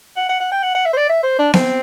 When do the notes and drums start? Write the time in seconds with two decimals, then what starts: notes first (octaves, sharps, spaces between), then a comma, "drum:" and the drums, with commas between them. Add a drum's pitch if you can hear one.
0.17 F#5
0.29 F#5
0.40 F#5
0.51 G5
0.63 F#5
0.75 F#5
0.85 E5
0.93 C5
0.97 D5
1.09 E5
1.23 C5
1.39 D4
1.54 C4, drum: snare B3